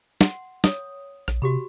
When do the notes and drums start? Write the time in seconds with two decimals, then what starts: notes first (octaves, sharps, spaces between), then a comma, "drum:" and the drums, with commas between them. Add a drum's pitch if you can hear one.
0.21 F#5 C6, drum: snare
0.64 C#5 D#6, drum: snare
1.28 A#1, drum: rim click
1.42 C3 F#4 G4 B5